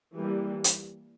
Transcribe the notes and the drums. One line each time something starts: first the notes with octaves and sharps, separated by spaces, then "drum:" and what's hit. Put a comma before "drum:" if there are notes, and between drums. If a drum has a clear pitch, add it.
E3 G3 A#3
drum: hi-hat